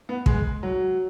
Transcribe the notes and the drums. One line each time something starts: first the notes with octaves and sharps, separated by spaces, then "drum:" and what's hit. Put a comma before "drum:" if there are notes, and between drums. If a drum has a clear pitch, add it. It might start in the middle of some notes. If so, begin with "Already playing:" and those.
B3
G#3, drum: kick
F#3